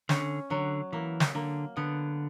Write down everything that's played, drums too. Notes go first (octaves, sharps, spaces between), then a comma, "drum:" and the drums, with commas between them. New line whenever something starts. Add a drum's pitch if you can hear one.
D3 C#4, drum: snare
D3 F#3
E3 A#3
drum: snare
D3 A#3
D3 B3